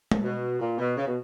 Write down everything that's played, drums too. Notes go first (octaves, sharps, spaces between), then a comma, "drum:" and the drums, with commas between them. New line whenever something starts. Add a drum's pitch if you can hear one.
drum: tom G#3
B2
A#2
B2
C#3
B2